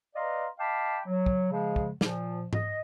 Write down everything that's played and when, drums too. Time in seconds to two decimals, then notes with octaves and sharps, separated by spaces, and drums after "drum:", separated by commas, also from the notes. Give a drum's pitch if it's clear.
0.15 B4 D5 D#5 F5 A#5 C6
0.59 D#5 F5 G5 A5 B5 D6
1.06 F#3
1.26 drum: kick
1.51 C#3 F3 G#3
1.76 drum: kick
2.01 A#2 F3, drum: snare
2.53 D#5, drum: tom G#2